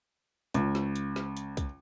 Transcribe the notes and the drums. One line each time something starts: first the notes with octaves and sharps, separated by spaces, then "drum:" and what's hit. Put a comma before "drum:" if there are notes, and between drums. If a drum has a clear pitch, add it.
C#2, drum: hi-hat
drum: snare
drum: hi-hat
drum: snare
drum: hi-hat
drum: kick, hi-hat